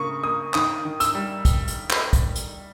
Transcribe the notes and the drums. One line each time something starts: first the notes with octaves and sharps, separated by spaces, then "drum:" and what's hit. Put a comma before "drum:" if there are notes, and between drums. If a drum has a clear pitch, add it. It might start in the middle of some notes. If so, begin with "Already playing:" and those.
Already playing: C#3 A#3 C#6 D#6
A#3 D#6
D#3 D#6, drum: clap
D#3
E6, drum: hi-hat
G3
drum: kick, hi-hat
drum: hi-hat
drum: clap
drum: kick, hi-hat
drum: hi-hat